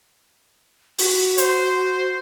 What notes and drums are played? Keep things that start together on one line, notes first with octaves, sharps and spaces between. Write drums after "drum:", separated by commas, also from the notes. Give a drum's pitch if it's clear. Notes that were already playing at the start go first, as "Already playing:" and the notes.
F#4, drum: open hi-hat
C5, drum: hi-hat